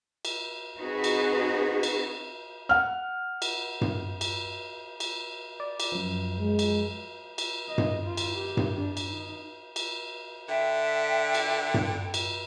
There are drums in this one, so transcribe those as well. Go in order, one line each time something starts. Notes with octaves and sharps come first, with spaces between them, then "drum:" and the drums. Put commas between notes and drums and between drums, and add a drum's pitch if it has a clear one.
drum: cymbal
C4 D#4 F#4 G#4 B4
drum: cymbal
drum: cymbal
F#5 F6
drum: cymbal
drum: tom G2
drum: cymbal
drum: cymbal
D5
drum: cymbal
F#2 F3
G#3
drum: cymbal
drum: cymbal
D#5
drum: tom G2
F4
drum: cymbal
G4
drum: tom G2
D4
drum: cymbal
D#4
drum: cymbal
D3 E5 G5
drum: cymbal
drum: tom G2
drum: cymbal